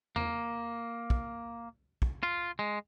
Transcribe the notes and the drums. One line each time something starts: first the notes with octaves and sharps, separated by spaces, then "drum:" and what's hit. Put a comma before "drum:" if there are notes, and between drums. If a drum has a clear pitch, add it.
A#3, drum: tom E2
drum: kick
drum: kick
F4
G#3